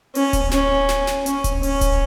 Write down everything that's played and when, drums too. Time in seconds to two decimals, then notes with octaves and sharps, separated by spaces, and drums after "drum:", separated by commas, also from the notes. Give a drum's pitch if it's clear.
0.15 C#4, drum: open hi-hat
0.33 drum: kick D1, hi-hat
0.51 C#4, drum: snare
0.89 drum: snare
1.07 drum: snare
1.26 C#4, drum: hi-hat
1.44 drum: kick D1, hi-hat
1.63 C#4, drum: open hi-hat
1.81 drum: kick D1, hi-hat